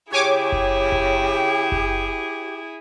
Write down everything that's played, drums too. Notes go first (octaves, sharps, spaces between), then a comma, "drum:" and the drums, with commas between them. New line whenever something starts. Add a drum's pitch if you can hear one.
C#3 E4 G4 G#4 C#5 G#5 D6
drum: kick F#1
drum: kick F#1
drum: kick F#1